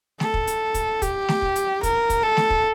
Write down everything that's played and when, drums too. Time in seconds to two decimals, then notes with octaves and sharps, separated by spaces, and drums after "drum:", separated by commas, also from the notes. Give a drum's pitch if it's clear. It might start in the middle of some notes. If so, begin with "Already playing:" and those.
0.20 A4, drum: snare A3
0.34 drum: kick
0.47 drum: hi-hat
0.74 drum: kick, hi-hat
1.02 G4, drum: kick, hi-hat
1.28 drum: snare A3
1.42 drum: kick
1.56 drum: hi-hat
1.83 A#4, drum: kick, hi-hat
2.10 drum: kick, hi-hat
2.23 A4
2.37 drum: snare A3
2.50 drum: kick